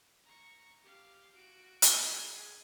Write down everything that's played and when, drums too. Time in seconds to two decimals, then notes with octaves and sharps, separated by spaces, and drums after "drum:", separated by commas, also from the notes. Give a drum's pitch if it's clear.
0.24 A#5 C#6
0.82 G4 F5
1.35 F#4 D7
1.82 drum: hi-hat
2.10 G#4